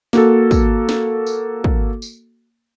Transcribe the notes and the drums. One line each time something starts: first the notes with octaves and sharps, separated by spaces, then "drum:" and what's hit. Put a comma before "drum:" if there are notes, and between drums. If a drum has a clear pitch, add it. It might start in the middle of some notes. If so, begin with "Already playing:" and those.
A#3 F#4 A4, drum: snare
drum: kick, tambourine
drum: snare
drum: tambourine
drum: kick
drum: tambourine